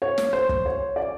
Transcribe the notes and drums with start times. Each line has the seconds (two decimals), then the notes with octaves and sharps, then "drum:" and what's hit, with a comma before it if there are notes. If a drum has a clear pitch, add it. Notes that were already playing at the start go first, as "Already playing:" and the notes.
0.02 C#5
0.18 drum: snare
0.33 C5
0.49 drum: kick
0.66 C#5
0.96 D5